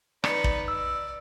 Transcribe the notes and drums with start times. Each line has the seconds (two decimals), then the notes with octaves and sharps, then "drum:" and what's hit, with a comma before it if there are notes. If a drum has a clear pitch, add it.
0.24 D#4 B4 D5 C#7, drum: rim click
0.44 drum: kick
0.68 D5 E6